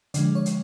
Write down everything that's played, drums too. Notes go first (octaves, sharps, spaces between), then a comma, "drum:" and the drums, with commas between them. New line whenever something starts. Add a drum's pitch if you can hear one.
D3 F3 G#3 D5, drum: hi-hat
C#5
drum: hi-hat